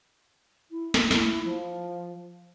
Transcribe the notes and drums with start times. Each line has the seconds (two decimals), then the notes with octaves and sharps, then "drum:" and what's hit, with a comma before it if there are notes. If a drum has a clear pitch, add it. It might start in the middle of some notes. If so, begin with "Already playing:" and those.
0.71 E4
0.94 drum: snare
1.11 E4, drum: snare
1.45 F3